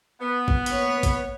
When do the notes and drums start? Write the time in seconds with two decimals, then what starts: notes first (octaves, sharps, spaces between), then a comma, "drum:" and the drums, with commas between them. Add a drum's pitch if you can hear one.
0.21 B3
0.48 drum: kick G#1
0.66 A#3 C#5, drum: hi-hat
1.03 drum: kick G#1, hi-hat